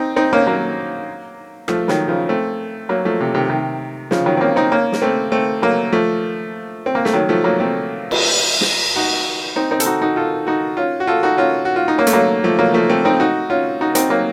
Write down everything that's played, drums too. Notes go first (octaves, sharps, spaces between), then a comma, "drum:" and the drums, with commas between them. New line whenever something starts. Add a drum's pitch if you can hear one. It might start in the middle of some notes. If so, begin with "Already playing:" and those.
Already playing: C4 D#4
C4 D#4
A#3 C#4
F#3 A#3
F3 A3, drum: rim click
D#3 F#3, drum: snare
C#3 F3
A3 C4
F#3 A#3
F3 A3
C3
C3 D#3
C3 D#3
C#3 F3, drum: snare
D#3 F#3
C4
A#3 C#4
C4 D#4
A#3 C#4
drum: snare
A3 C4
A3 C4
F#3 A#3
F3 A3
C4
A#3
A3, drum: snare
D#3 F#3
F3 A3
F#3 A#3
A3 C4
drum: cymbal
drum: snare
D#4 F#4
C4 D#4
C4 D#4
A4, drum: hi-hat
D#4 F#4
D#4 F#4
F4 A4
D#4 F#4
C#4 F4
F#4
F4 A4
D#4 F#4
C#4 F4
F#4
F4
D#4
A#3 C#4
A3, drum: hi-hat
F#3 A#3
F3 A3
F#3 A#3
F3 A3
A3 C4
C4 D#4
D#4 F#4
C#4 F4
D#4 F#4
C4 D#4, drum: hi-hat
F#3 A#3